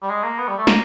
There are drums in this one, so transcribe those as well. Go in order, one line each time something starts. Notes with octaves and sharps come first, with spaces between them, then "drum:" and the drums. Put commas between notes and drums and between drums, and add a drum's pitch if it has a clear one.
G3
G#3
A#3
B3
G3
A3
A#3, drum: snare